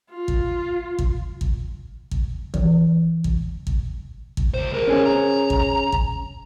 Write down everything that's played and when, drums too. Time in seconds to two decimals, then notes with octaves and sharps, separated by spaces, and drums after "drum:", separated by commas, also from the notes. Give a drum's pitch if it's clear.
0.11 F4
0.28 drum: kick
0.99 drum: kick
1.41 drum: kick
2.11 drum: kick
2.54 E3, drum: kick
3.24 drum: kick
3.67 drum: kick
4.37 drum: kick
4.54 C#2 C5
4.74 A#4 C5
4.87 C#4 G#4
5.05 A#5
5.50 drum: kick
5.92 drum: kick